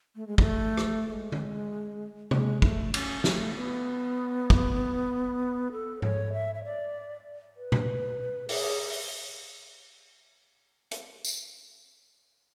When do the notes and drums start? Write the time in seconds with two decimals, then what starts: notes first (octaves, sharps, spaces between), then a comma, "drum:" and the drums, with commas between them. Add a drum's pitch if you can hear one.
0.15 A3
0.27 G#3
0.38 A3, drum: kick
0.77 drum: rim click
1.08 A3
1.13 G#3
1.32 drum: tom D3
2.31 G#3, drum: tom
2.62 A3, drum: kick
2.94 C#4, drum: cymbal
3.24 A3, drum: snare
3.56 B3
4.50 drum: kick
5.72 A4
6.02 C#5, drum: tom G#2
6.33 E5
6.55 E5
6.64 D5
7.57 B4
7.72 drum: tom A#2
8.49 G#4, drum: open hi-hat
8.90 drum: open hi-hat
10.91 drum: hi-hat
11.25 drum: tambourine